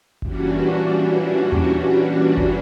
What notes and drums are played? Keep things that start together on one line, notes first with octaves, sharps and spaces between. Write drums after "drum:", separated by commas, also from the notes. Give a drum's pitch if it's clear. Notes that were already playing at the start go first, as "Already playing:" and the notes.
A#2 E3 G3 C#4 D4 F#4, drum: kick F#1
drum: tom D#2
drum: kick F#1